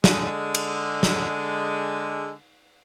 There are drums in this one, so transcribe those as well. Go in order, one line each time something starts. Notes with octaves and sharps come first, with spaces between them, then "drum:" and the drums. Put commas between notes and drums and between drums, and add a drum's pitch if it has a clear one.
D3 G#3, drum: snare
drum: cymbal
drum: snare